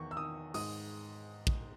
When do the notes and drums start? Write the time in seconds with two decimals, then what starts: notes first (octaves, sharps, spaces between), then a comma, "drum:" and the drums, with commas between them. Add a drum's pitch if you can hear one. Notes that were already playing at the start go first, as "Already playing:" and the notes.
Already playing: E2 D#3 C#6
0.11 E6
0.17 D#3 D#6
0.54 G#2 D#6, drum: open hi-hat
1.47 drum: kick